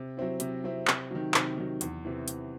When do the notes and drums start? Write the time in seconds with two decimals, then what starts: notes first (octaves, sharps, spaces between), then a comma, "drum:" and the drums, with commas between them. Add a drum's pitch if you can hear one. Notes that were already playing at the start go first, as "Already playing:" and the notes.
Already playing: C3
0.17 F#3 C4 E4
0.40 C3, drum: hi-hat
0.64 F#3 C4 E4
0.88 C3, drum: clap
1.11 D#3 F#3
1.34 C3, drum: clap
1.58 D#3 F#3
1.81 E2, drum: hi-hat
2.05 C3 E3
2.28 E2, drum: hi-hat